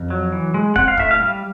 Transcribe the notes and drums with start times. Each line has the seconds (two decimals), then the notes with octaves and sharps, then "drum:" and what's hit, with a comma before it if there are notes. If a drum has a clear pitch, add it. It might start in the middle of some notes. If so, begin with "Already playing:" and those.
Already playing: F2
0.10 F#3
0.32 E3
0.54 G#3
0.76 C4 F#5, drum: kick
0.88 F5
0.98 A2 E5, drum: kick
1.11 F5
1.20 G3